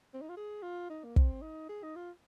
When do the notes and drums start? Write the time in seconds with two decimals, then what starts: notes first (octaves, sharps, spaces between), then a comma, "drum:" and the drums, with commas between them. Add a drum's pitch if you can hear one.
0.14 C4
0.22 D#4
0.29 F4
0.37 G#4
0.63 F4
0.89 D#4
1.04 A#3
1.16 C4, drum: kick
1.42 D#4
1.69 G#4
1.83 D#4
1.96 F4